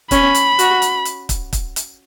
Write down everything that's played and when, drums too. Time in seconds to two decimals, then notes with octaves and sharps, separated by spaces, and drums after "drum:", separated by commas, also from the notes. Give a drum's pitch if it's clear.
0.11 C#4 B5, drum: kick, hi-hat
0.35 drum: hi-hat
0.59 F#4, drum: hi-hat
0.82 drum: hi-hat
1.05 drum: hi-hat
1.29 drum: kick, hi-hat
1.53 drum: kick, hi-hat
1.76 drum: hi-hat